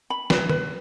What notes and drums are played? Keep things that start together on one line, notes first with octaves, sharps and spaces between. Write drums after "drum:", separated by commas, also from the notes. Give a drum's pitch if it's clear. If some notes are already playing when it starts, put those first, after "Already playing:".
B5
B4, drum: snare
B4, drum: tom D#3